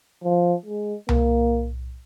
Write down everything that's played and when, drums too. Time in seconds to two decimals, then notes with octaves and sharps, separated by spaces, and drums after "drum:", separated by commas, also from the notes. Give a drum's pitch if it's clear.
0.24 F3
0.66 G#3
1.09 A#3, drum: tom C2